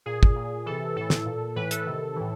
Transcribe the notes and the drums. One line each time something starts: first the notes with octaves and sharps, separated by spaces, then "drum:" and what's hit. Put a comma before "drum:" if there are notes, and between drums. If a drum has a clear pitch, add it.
A#2 G#4
drum: kick
A#2
C3 E3 A4
A2 E3 A4
drum: snare
A#2
A2 E3 B4
A4, drum: hi-hat
C3 D#3
A2 E3